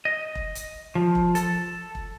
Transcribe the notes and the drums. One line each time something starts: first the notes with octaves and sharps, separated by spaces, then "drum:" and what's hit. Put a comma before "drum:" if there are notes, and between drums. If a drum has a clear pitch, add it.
D#5
drum: kick E1
drum: hi-hat
F3
drum: kick E1
A4, drum: hi-hat
drum: kick E1